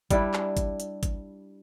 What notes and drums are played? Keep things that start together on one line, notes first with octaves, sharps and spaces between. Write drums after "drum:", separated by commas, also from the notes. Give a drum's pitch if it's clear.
G3 D4 E4, drum: kick G#1, hi-hat
drum: clap
drum: kick G#1, hi-hat
drum: hi-hat
drum: kick G#1, hi-hat